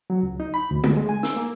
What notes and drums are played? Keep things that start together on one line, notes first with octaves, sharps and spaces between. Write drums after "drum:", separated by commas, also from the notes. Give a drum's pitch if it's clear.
F#3
C#2
D#4
B5
D2
D3, drum: tom G#3
G#3
G#5
E6, drum: snare
A#3